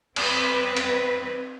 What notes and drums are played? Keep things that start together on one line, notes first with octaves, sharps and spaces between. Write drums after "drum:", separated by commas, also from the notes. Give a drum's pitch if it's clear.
C4 B4, drum: cymbal
drum: cymbal